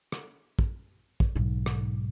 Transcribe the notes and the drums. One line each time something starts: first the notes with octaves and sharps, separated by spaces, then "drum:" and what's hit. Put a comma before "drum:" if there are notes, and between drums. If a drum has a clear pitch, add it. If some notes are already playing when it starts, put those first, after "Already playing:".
drum: rim click
drum: kick
drum: kick
B1 G#2
drum: rim click